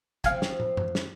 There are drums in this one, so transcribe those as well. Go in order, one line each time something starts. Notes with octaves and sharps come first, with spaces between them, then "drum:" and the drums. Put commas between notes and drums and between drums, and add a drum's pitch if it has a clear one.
F3 C4 F5 G#5, drum: kick, hi-hat
drum: snare
drum: tom
drum: tom F#2
drum: snare